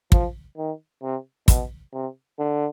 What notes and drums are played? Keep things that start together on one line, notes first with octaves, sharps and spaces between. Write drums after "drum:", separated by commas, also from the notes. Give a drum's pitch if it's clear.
F3, drum: kick
D#3
C3
B2, drum: kick, hi-hat
C3
D3